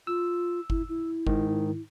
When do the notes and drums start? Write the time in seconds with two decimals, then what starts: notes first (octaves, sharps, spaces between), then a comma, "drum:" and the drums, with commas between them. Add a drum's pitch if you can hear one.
0.07 F4 E6
0.70 E4, drum: kick G1
0.89 E4
1.27 G#2 D#3, drum: kick G1